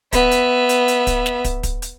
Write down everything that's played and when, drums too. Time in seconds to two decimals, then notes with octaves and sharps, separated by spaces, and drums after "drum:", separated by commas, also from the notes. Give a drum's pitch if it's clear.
0.13 B3 E5, drum: kick, hi-hat
0.32 drum: hi-hat
0.69 drum: hi-hat
0.88 drum: hi-hat
1.07 drum: kick, hi-hat
1.26 drum: snare
1.45 drum: kick, hi-hat
1.63 drum: kick, hi-hat
1.82 drum: hi-hat